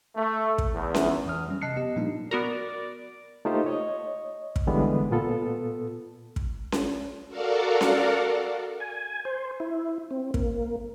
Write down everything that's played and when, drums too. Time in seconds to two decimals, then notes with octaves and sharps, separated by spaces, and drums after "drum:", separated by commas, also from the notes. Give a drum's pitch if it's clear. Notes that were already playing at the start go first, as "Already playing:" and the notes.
0.16 A3
0.58 drum: kick
0.75 E2
0.94 drum: snare C#4
1.25 F2 E3 D#6 F6
1.48 F#3 G3 C#4
1.62 C3 D#5 A5 F#6 C7 C#7
1.76 B3 G4 D#5
1.96 A#2 F3 G3 A#3 D4 D#4
2.31 B3 F#4 A#4 D5
3.45 A3 A#3 D#4 F4 G4 C5
3.66 C#5 D#5
4.56 drum: kick
4.67 D3 E3 G3 G#3 B3 D4
5.11 A#2 B3 F4 A4
6.36 drum: kick
6.72 drum: snare C#4
7.28 F#4 A4 A#4 D5 F5 F#5
7.81 drum: snare C#4
8.80 G#5
9.25 C5
9.60 E4
10.11 C4
10.34 A#3, drum: kick